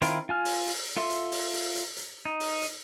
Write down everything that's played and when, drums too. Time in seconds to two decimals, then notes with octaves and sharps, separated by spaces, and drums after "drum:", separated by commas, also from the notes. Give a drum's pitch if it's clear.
0.02 D#3 C4 E4 F4 A#4, drum: hi-hat
0.29 F4 G#5 F6
0.45 drum: open hi-hat
0.67 drum: open hi-hat
0.97 F4 A4 E5 C6
1.10 drum: hi-hat
1.32 drum: open hi-hat
1.53 drum: open hi-hat
1.75 drum: hi-hat
1.97 drum: hi-hat
2.25 D#4
2.40 drum: open hi-hat
2.62 drum: hi-hat